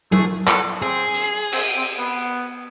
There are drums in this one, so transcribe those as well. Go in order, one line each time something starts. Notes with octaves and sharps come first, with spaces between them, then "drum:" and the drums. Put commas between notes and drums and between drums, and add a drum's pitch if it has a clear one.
A3 G#4, drum: tom F#3
B3 A4, drum: clap
C4 G#4
drum: hi-hat
C4, drum: cymbal
C4
B3